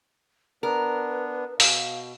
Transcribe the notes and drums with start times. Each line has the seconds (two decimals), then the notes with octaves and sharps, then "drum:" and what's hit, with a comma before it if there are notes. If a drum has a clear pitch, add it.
0.63 B3 D4 A#4 B4
1.60 B2 F5, drum: open hi-hat